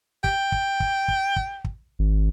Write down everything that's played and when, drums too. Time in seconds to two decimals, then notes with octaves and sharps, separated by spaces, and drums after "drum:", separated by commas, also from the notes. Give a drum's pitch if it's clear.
0.24 G5, drum: kick
0.52 drum: kick
0.80 drum: kick
1.08 drum: kick
1.36 drum: kick
1.64 drum: kick
1.99 G#1